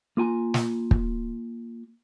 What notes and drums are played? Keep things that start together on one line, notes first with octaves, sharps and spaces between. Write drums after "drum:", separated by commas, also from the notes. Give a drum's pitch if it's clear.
A#3 F4 G#5 A#5
drum: snare
drum: kick